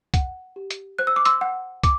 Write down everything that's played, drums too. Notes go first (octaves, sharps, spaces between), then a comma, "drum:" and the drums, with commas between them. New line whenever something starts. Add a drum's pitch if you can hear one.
F#5, drum: kick, hi-hat
G4
drum: hi-hat
C5 F#6
E6
D6
C6 E6, drum: hi-hat
F#5
D6, drum: kick, hi-hat